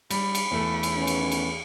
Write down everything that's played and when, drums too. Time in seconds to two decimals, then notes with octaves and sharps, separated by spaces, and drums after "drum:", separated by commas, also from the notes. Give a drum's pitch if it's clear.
0.10 G3 B5, drum: cymbal
0.35 drum: cymbal
0.51 E2 A3 A4
0.83 drum: cymbal
0.98 D#3 B3 C#4
1.07 drum: cymbal
1.32 drum: cymbal